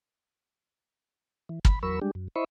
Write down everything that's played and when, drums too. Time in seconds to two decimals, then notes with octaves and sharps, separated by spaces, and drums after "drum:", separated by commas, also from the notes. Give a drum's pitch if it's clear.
1.49 E3
1.65 B5, drum: kick
1.83 E2 F#3 A#4 B5 C#6 E6
2.02 G3 G#3 D4 G4
2.15 F#2
2.36 E4 C5 D#5 E5 B5 C#6